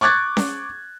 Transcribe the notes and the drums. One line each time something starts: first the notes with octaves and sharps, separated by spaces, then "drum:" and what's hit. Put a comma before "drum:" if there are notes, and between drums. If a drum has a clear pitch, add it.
C#6 D6 F#6 G#6 A6
drum: snare C#4